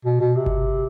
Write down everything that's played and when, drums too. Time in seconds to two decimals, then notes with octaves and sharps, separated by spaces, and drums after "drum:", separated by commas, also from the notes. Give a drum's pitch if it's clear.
0.05 B2
0.21 B2
0.36 C3
0.46 drum: kick G1